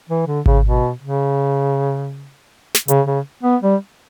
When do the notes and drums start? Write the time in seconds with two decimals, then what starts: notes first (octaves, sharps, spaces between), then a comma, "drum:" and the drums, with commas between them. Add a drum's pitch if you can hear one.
0.10 E3
0.27 D3
0.46 C#3, drum: kick G#1
0.64 B2
1.01 C#3
2.75 drum: snare
2.88 C#3, drum: hi-hat
3.06 C#3
3.43 B3
3.63 G3